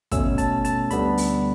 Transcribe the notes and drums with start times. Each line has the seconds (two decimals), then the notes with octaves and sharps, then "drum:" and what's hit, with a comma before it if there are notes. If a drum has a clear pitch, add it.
0.12 B2 A3 C#4 E6, drum: kick, hi-hat
0.38 A5, drum: hi-hat
0.65 A5, drum: hi-hat
0.90 D2 D3 G3 B3 B5, drum: hi-hat
1.18 drum: open hi-hat